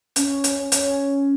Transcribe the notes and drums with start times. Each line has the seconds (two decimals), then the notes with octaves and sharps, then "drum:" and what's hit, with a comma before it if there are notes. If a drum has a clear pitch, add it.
0.16 C#4, drum: hi-hat
0.44 drum: hi-hat
0.72 C#4, drum: hi-hat